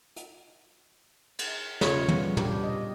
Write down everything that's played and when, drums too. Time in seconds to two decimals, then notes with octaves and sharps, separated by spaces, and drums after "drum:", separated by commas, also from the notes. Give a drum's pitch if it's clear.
0.16 drum: hi-hat
1.39 drum: cymbal
1.81 C#3 F4 C#5, drum: snare
2.08 B2 G3 B3, drum: tom
2.37 D4 G4, drum: tom
2.63 D#5